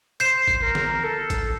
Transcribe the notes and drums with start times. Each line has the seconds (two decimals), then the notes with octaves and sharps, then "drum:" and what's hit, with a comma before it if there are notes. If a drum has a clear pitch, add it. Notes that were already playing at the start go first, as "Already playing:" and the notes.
0.20 C5 G6 C7 E7, drum: hi-hat
0.48 drum: kick A1
0.62 A#4
0.75 drum: snare
1.03 A4
1.30 drum: kick A1, hi-hat